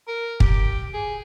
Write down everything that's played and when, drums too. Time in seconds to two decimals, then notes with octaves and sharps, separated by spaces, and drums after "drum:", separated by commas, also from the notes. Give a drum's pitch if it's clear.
0.08 A#4
0.40 G4, drum: kick
0.94 G#4